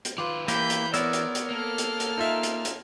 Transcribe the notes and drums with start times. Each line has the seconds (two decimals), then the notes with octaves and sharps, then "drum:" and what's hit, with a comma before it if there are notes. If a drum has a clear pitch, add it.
0.05 drum: hi-hat
0.18 D#3 F4 B4 D6
0.48 E3 A#3 G4 B5 G6, drum: hi-hat
0.70 drum: hi-hat
0.94 B3 A#4 C#5 D5 E6, drum: hi-hat
1.13 drum: hi-hat
1.35 drum: hi-hat
1.51 A#3 A4 F6
1.78 drum: hi-hat
2.00 drum: hi-hat
2.18 D#4 F4 E5
2.43 drum: hi-hat
2.65 drum: hi-hat